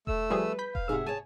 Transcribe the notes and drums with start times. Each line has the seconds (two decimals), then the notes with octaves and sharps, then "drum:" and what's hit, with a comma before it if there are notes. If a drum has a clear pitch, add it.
0.07 A3 E6, drum: kick E1
0.30 F3 G3 G#4 B4
0.59 B5 G6 B6
0.75 F5, drum: kick E1
0.89 G#2 C3 G#4 E5 F#5
1.06 G#4 C#5 G#5 A5